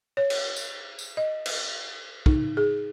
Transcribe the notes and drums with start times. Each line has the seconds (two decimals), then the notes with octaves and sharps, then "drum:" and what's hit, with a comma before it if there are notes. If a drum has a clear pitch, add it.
0.17 C#5
0.30 drum: cymbal
0.56 drum: tambourine
0.99 drum: tambourine
1.17 D#5
1.46 drum: cymbal
2.26 D#4, drum: kick
2.57 G#4